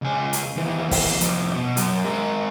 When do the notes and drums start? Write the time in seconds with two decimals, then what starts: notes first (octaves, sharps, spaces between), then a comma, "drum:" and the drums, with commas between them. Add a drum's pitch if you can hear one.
0.02 C#2 G#4
0.33 drum: hi-hat
0.56 D#2 E3
0.91 drum: kick, open hi-hat
1.21 F2 A2, drum: hi-hat
1.54 B2
1.77 F#2, drum: hi-hat
2.05 G#3 A#4